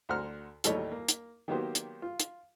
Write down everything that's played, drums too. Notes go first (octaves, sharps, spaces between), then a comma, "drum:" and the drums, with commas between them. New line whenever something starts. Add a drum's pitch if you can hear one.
D2 C5 F#5 A#5 F6
A1 D#2 G3 A3 D#4 C#5, drum: hi-hat
A#3
drum: hi-hat
D#3 F#3 A#3 B3 G4 C5
drum: hi-hat
F4
drum: hi-hat